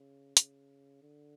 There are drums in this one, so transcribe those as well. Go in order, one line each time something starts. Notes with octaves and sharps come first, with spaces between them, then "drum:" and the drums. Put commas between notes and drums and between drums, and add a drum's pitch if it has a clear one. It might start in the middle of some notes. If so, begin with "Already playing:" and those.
Already playing: C#3
C#3, drum: hi-hat
D3